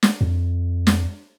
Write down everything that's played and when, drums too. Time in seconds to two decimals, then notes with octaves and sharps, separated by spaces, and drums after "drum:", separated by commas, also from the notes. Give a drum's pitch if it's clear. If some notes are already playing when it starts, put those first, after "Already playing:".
0.03 drum: snare
0.21 F2
0.87 drum: snare